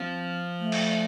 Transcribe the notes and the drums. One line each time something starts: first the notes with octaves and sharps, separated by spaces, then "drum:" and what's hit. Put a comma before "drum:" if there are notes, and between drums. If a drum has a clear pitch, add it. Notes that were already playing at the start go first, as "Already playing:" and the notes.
Already playing: F3 C4
A3
drum: cymbal